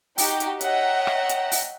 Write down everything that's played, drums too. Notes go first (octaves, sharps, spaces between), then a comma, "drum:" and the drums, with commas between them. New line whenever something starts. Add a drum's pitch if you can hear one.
D#4 F#4 G4 G5, drum: open hi-hat
drum: hi-hat
C#5 D#5 E5 F#5 G5 A#5, drum: hi-hat
drum: rim click
drum: hi-hat
drum: open hi-hat